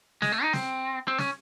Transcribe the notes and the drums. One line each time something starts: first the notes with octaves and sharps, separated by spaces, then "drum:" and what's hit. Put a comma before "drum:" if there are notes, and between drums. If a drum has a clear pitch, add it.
G#3, drum: snare
A3
D#4
C4, drum: snare
C4
C#4, drum: snare